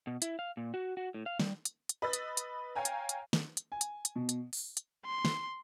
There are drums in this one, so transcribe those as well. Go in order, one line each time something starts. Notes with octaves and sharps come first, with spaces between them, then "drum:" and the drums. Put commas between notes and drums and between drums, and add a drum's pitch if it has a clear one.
B2
E4, drum: hi-hat
F5
A#2
F#4
F#4
A2
F5
G3, drum: snare
drum: hi-hat
drum: hi-hat
B4 D#5 B5 E6 A6
drum: hi-hat
drum: hi-hat
C#5 F5 G5 G#5 A#5
drum: hi-hat
drum: hi-hat
drum: snare
drum: hi-hat
G#5
drum: hi-hat
drum: hi-hat
B2
drum: hi-hat
drum: open hi-hat
drum: hi-hat
C6
drum: snare